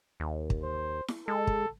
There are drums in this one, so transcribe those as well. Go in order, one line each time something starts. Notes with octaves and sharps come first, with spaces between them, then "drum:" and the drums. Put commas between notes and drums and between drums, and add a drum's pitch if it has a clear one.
D#2
drum: kick
C5
drum: snare E4
G#3 A4
drum: kick